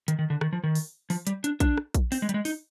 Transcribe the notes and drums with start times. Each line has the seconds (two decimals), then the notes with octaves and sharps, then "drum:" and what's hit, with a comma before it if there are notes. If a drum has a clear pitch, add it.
0.08 D#3, drum: hi-hat
0.19 D#3
0.30 D3
0.41 D#3, drum: rim click
0.53 F3
0.64 D#3
0.75 drum: open hi-hat
1.10 F3, drum: open hi-hat
1.27 G3, drum: hi-hat
1.44 D4, drum: hi-hat
1.60 D4, drum: kick A#1, hi-hat
1.77 drum: rim click
1.94 drum: kick A#1, hi-hat
2.12 C4, drum: open hi-hat
2.22 G#3
2.29 G3, drum: hi-hat
2.34 G#3
2.45 D#4, drum: open hi-hat